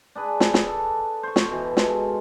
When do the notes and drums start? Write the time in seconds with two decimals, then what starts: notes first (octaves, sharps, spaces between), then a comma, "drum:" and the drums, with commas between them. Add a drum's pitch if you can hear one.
0.15 D4 G#4 B4
0.40 drum: snare
0.54 drum: snare
0.66 A4
1.23 C5 C#6
1.36 drum: snare
1.50 B2 E3
1.77 G#3 F4 A4, drum: snare